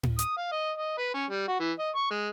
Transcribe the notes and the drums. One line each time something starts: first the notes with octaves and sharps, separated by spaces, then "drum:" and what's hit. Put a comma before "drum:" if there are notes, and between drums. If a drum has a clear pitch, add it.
drum: tom A2
D#6, drum: hi-hat
F5
D#5
D#5
B4
C#4
G3
F#4
E3
D#5
C#6
G#3